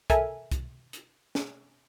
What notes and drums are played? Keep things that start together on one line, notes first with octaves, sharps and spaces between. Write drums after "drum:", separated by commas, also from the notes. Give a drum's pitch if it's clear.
A4 A#4 E5 G#5, drum: kick, hi-hat
drum: kick, hi-hat
drum: hi-hat
drum: snare